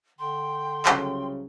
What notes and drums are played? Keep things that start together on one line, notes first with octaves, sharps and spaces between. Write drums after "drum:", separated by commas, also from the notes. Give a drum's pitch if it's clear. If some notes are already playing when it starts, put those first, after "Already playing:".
D3 G5 C6
C2 C#3 F#3, drum: clap